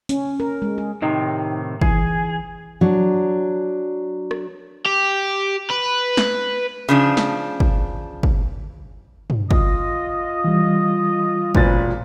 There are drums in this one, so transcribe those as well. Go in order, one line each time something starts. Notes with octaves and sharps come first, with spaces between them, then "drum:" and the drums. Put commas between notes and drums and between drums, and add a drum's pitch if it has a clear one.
C#4, drum: hi-hat
A#4
G#3
G#4
A2 C3 D#3 D#4
E3 G#4, drum: kick
F#3 D4
drum: rim click
G4
B4
drum: snare
C#3 F3 D4
drum: snare
drum: kick
drum: kick
drum: tom
F4 D#5, drum: kick
E3 G3
E1 A#2 C4 C#4 B4 A6, drum: kick